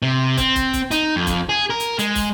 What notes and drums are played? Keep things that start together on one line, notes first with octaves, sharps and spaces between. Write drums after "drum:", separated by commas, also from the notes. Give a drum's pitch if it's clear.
C3
C4, drum: kick, hi-hat
drum: kick, hi-hat
drum: kick, hi-hat
D#4, drum: hi-hat
F2
drum: kick, hi-hat
G#4
A#4
drum: hi-hat
G#3, drum: hi-hat
drum: kick, open hi-hat